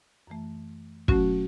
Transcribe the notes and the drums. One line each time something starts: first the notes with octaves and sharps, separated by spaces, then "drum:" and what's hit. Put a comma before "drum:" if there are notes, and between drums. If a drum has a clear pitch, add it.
F#2 E3 A3
B2 F#3 A3 C#4 F#4, drum: kick